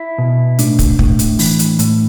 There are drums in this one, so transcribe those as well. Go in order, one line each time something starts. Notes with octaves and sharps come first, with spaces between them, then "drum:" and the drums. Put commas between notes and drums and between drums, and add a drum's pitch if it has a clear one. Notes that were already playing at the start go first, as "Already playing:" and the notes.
Already playing: E4
B2
A2 D4, drum: hi-hat
drum: kick, hi-hat
A2, drum: kick
drum: hi-hat
E3, drum: open hi-hat
drum: hi-hat
A2, drum: hi-hat